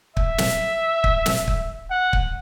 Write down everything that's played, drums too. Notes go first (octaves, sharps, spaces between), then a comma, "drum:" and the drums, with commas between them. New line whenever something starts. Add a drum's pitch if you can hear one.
E5, drum: kick
drum: snare
drum: kick
drum: snare
drum: kick
F#5
drum: kick